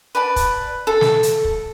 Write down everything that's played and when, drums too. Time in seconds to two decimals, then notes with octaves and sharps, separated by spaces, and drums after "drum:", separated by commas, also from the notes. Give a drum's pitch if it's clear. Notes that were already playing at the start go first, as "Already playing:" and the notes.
0.15 B4 D5 A5
0.36 drum: kick, hi-hat
0.87 A4
1.01 drum: snare
1.23 drum: hi-hat
1.44 drum: kick